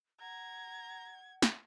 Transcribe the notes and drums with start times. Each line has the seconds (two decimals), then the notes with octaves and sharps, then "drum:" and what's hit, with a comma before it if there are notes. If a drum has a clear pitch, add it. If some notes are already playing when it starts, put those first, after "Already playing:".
0.21 F#5 A#5 G#6
1.42 drum: snare